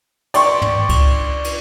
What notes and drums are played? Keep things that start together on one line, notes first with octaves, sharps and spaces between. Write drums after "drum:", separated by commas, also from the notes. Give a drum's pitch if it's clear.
D5 G5 C6 C#6, drum: cymbal
drum: tom
drum: kick C#2, cymbal
drum: cymbal